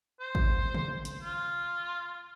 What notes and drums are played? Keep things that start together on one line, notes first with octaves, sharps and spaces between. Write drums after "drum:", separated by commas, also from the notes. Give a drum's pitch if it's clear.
C5
drum: kick
drum: tom C3
drum: hi-hat
F4